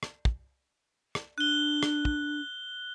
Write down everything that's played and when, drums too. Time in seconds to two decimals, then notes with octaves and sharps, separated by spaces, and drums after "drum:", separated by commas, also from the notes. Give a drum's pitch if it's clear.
0.03 drum: rim click
0.25 drum: kick
1.15 drum: rim click
1.38 D4 F#6 G7
1.83 drum: rim click
2.05 drum: kick